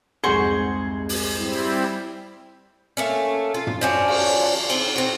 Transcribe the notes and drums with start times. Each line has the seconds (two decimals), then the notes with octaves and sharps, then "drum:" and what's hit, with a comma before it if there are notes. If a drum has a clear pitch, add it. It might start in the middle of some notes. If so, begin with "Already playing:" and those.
0.24 C2 F2 G#2 F#4 G#4 C5 C#6
1.09 drum: open hi-hat
1.37 G3 C4 E4
2.97 A3 A#3 C#4
3.54 F4
3.67 drum: tom
3.81 F3 C#4 D4 F#4
4.08 drum: cymbal
4.70 C4, drum: cymbal
4.96 C4 F#4